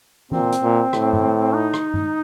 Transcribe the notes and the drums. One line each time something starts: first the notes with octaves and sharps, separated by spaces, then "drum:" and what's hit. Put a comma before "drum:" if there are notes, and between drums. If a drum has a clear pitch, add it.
A#2 C4, drum: tom
drum: hi-hat
A#2
A2, drum: rim click
drum: tom G2
D#4
drum: rim click
drum: tom G2